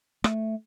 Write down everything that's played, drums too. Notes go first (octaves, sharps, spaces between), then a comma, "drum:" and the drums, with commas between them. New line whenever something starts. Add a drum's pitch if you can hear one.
A3, drum: rim click